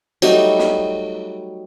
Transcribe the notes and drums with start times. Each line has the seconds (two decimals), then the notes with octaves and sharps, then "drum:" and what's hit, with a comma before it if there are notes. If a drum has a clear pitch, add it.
0.22 F#3 G3 A3 D#4, drum: cymbal
0.59 drum: snare